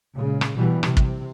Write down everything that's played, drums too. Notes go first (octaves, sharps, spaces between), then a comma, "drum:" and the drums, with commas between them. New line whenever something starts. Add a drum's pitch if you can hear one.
A#2 C#3 G#3
drum: rim click
B2 E3 G3
C3, drum: rim click
drum: kick